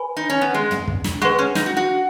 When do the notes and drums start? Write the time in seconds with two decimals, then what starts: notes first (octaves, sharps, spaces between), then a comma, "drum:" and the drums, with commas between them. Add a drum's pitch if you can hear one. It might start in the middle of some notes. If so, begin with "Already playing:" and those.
Already playing: B4 G#5 B5
0.17 D#4
0.30 C#4
0.41 B3
0.54 G#3
0.71 drum: tom
0.88 drum: kick
1.04 drum: snare
1.22 G#3 G#4 B4 F#5 C#6 F#6
1.39 C#4
1.55 D#4, drum: snare
1.66 F#4
1.77 F#4